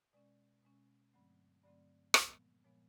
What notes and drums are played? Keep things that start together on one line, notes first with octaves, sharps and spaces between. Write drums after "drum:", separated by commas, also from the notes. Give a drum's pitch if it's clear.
B2 G#3 C#4 D5
B2 G#3 C#4
G2 D3 F#3 A3 C4
G2 D3 F#3 A3 C4 D5
A#2 F3 G#3 B3, drum: rim click
A#2 F3 G#3 B3 C#5